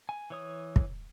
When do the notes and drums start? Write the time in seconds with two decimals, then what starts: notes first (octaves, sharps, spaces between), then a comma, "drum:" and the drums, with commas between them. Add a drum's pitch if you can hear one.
0.09 G#5
0.30 E3 C#5 D#6
0.76 drum: kick